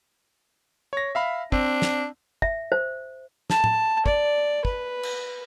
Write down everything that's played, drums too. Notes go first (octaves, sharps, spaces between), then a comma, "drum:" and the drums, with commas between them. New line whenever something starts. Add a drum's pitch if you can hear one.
C#5 A#6
E5 F5 B5
C4 D4, drum: kick
drum: snare
E5, drum: kick
C5
A5, drum: snare
drum: tom A2
D5, drum: kick
B4, drum: kick
drum: cymbal